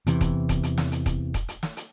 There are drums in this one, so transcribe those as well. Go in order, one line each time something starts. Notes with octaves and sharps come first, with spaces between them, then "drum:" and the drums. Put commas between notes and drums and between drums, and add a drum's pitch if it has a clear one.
E2 C3 E3, drum: hi-hat
drum: kick, hi-hat
drum: kick, hi-hat
drum: hi-hat
drum: snare
drum: hi-hat
drum: kick, hi-hat
drum: kick, hi-hat
drum: hi-hat
drum: snare
drum: hi-hat